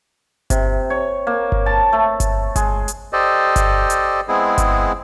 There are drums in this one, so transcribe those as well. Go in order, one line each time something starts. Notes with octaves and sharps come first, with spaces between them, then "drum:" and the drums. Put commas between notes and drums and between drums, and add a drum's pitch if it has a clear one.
C3, drum: kick G1, hi-hat
C#5
A#3
drum: kick G1
A5
A3
drum: kick G1, hi-hat
G#3, drum: kick G1, hi-hat
drum: hi-hat
G4 A4 C5 D5 D#5
drum: kick G1, hi-hat
drum: hi-hat
G#3 B3 C4 E4 G#4
drum: kick G1, hi-hat